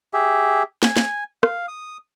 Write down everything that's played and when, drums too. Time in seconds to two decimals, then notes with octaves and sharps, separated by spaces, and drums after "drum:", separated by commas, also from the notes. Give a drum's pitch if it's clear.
0.13 G4 G#4 E5
0.83 G#5, drum: snare
0.97 drum: snare
1.43 F5, drum: rim click
1.68 D#6